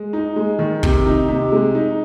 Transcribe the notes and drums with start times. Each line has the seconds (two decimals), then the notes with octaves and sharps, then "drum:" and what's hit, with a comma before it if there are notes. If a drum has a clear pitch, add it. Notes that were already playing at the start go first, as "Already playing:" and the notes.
Already playing: G#3
0.13 D#4
0.36 G#3
0.59 D#3
0.83 C3, drum: kick
1.06 D#4
1.29 C3
1.52 G#3
1.75 D#4